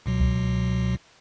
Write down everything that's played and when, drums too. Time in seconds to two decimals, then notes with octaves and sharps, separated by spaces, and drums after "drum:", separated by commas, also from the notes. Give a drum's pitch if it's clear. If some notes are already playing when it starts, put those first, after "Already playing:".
0.06 C#2 B2 F#3
0.20 drum: kick C2